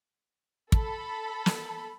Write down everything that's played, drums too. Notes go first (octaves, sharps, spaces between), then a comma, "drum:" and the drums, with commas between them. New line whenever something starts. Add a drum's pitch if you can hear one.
A4 B5, drum: kick
drum: snare